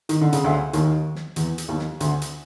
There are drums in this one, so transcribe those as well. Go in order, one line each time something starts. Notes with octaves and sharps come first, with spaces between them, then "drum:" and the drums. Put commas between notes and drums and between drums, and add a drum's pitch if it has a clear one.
D#3, drum: hi-hat
D3
C#3, drum: hi-hat
D2 D3
D#2 D#3, drum: hi-hat
drum: snare
E2 E3, drum: hi-hat
drum: hi-hat
D#2 D#3
drum: snare
D2 D3, drum: hi-hat
drum: hi-hat